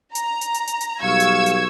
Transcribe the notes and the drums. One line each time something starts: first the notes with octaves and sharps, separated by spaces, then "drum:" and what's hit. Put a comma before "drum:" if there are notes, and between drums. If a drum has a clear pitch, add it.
A#5, drum: hi-hat
drum: hi-hat
drum: hi-hat
drum: hi-hat
drum: hi-hat
B1 G3 F5 C#6 E6 G#6
drum: hi-hat
drum: hi-hat